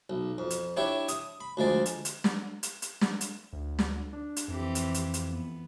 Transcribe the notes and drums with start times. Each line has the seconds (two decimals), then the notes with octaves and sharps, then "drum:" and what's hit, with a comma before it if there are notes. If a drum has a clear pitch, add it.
0.10 B1
0.38 F2
0.50 drum: hi-hat
0.77 D4 E4 G4 C#5 E5
1.08 D#6, drum: hi-hat
1.41 B5
1.57 D2 F3 G#3 D5
1.86 drum: hi-hat
2.05 drum: hi-hat
2.24 drum: snare
2.63 drum: hi-hat
2.82 drum: hi-hat
3.01 drum: snare
3.21 drum: hi-hat
3.53 D2
3.79 drum: snare
4.13 D4
4.36 drum: hi-hat
4.48 F2 E3 C4 G4
4.75 drum: hi-hat
4.94 drum: hi-hat
5.14 drum: hi-hat
5.30 B3